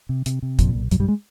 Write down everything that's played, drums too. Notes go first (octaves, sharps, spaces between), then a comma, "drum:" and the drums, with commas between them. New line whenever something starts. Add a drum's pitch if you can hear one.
C3
C3, drum: hi-hat
C3
F2 A#2 F3, drum: kick, hi-hat
B1
B1 F#2 F#3, drum: hi-hat
G2 G3
G#3